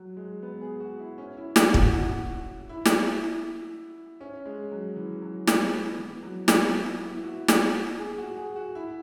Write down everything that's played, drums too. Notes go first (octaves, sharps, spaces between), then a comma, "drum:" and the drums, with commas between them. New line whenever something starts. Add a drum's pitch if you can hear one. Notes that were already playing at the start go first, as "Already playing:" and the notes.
Already playing: F#3
G#3
B3
G#4
F#4
E4
C#4
E4
F#4, drum: snare
F#4, drum: kick
F#4
E4
drum: snare
C#4
G#3
F#3
E3
F#3
G#3, drum: snare
B3
E3
F#3
B3, drum: snare
E4
E4
F#4
drum: snare
G#4
F#4
G#4
F#4
E4